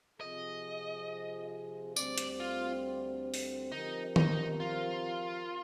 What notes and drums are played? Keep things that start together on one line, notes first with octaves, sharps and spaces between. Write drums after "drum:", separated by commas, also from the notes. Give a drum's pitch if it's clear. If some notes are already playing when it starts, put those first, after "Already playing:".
C3 F3 C4 F4 G#4 D#5
D2 D3 G3 C4 D5, drum: tambourine
drum: hi-hat
F4
drum: open hi-hat
F3 C4 D#4 G4 A#4
D#4, drum: tom D#3
F4